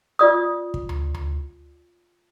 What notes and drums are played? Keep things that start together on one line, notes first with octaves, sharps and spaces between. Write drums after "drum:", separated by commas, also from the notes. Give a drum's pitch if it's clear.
F4 D5 D#6
drum: kick
drum: tom D2
drum: tom D2